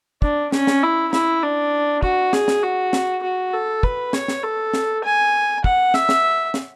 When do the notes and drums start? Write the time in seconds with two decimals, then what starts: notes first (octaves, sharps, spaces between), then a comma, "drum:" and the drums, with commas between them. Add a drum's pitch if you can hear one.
0.22 D4, drum: kick
0.52 C#4, drum: snare
0.67 drum: snare
0.83 E4
1.13 E4, drum: snare
1.43 D4
2.03 F#4, drum: kick
2.33 G#4, drum: snare
2.48 drum: snare
2.63 F#4
2.93 drum: snare
3.23 F#4
3.53 A4
3.83 B4, drum: kick
4.13 C#5, drum: snare
4.28 drum: snare
4.43 A4
4.73 drum: snare
5.04 G#5
5.64 F#5, drum: kick
5.94 E5, drum: snare
6.09 drum: snare
6.54 drum: snare